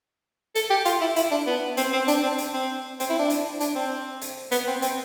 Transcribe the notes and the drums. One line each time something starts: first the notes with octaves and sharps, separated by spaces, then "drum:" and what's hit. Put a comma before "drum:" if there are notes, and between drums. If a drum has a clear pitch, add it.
A4, drum: hi-hat
G4
F4, drum: hi-hat
E4
E4, drum: hi-hat
D4
B3
C4, drum: hi-hat
C4
D4, drum: hi-hat
C4
drum: hi-hat
C4
C4, drum: hi-hat
E4
D4
drum: hi-hat
D4, drum: hi-hat
C4
drum: hi-hat
B3, drum: hi-hat
C4
C4, drum: hi-hat